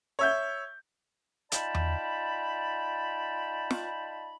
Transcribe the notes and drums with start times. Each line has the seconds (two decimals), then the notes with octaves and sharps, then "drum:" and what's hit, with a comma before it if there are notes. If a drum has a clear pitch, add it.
0.19 C#5 E5 G6
1.52 D#4 F4 D5 G5 A5 B5, drum: hi-hat
1.74 drum: tom E2
3.71 drum: snare